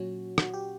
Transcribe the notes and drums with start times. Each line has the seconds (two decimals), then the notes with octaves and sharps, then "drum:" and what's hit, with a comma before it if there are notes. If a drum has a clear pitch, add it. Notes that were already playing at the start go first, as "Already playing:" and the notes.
Already playing: A#2 F#3 C#4 F#4
0.38 F#4, drum: rim click
0.54 G4